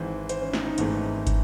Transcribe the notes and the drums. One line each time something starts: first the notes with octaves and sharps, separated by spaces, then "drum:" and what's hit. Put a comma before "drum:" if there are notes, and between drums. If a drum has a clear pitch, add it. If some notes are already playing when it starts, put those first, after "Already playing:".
Already playing: G#1 G#2 E3 C5
C5, drum: hi-hat
C#4
D#4, drum: snare
D#4
G#1 G#2 E3 A3 C4, drum: hi-hat
drum: kick, hi-hat